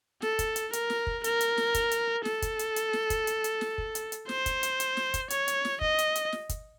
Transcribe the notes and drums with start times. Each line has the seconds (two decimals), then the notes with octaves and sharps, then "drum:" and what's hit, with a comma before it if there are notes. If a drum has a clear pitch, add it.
0.22 A4, drum: snare
0.39 drum: kick, hi-hat
0.56 drum: hi-hat
0.73 A#4, drum: hi-hat
0.90 drum: snare
1.07 drum: kick
1.24 A#4, drum: hi-hat
1.41 drum: hi-hat
1.58 drum: snare
1.74 drum: kick, hi-hat
1.91 drum: hi-hat
2.25 A4, drum: snare
2.42 drum: kick, hi-hat
2.59 drum: hi-hat
2.76 drum: hi-hat
2.93 drum: snare
3.10 drum: kick, hi-hat
3.27 drum: hi-hat
3.44 drum: hi-hat
3.61 drum: snare
3.78 drum: kick
3.95 drum: hi-hat
4.12 drum: hi-hat
4.29 C5, drum: snare
4.46 drum: kick, hi-hat
4.63 drum: hi-hat
4.80 drum: hi-hat
4.97 drum: snare
5.14 drum: kick, hi-hat
5.30 C#5, drum: hi-hat
5.48 drum: hi-hat
5.65 drum: snare
5.81 D#5, drum: kick
5.99 drum: hi-hat
6.16 drum: hi-hat
6.32 drum: snare
6.49 drum: kick, hi-hat